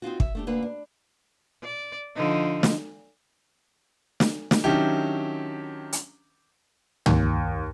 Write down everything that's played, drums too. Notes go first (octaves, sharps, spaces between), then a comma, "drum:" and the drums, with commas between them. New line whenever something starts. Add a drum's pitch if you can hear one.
C4 D#4 F4 F#4
E5, drum: kick
A3 D4 G4
D2 A#3 D4 B4
D4
D5
D3 F3 D#4
drum: snare
drum: snare
drum: snare
D#3 F#3 C#4 D4 E4 G4
drum: hi-hat
D#2, drum: tom